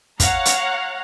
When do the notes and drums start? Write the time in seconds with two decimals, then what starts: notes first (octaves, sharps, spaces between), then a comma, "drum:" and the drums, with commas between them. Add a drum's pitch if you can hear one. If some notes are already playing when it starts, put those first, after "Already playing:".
0.20 C#5 F5 F#5 A#5, drum: kick, hi-hat
0.45 drum: hi-hat